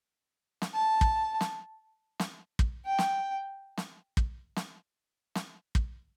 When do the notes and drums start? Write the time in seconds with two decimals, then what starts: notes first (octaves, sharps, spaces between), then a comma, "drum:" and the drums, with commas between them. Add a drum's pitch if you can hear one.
0.62 drum: snare
0.74 A5
1.01 drum: kick
1.41 drum: snare
2.20 drum: snare
2.59 drum: kick
2.86 G5
2.98 drum: snare
3.77 drum: snare
4.17 drum: kick
4.56 drum: snare
5.35 drum: snare
5.75 drum: kick